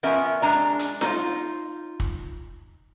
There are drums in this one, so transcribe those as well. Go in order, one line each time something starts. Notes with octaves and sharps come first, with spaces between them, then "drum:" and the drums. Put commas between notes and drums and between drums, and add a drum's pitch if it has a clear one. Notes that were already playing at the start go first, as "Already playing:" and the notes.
F3 B3 C#4 A#4 E5
G#3 D4 A#5
drum: hi-hat
D#4 F4, drum: snare F4
drum: kick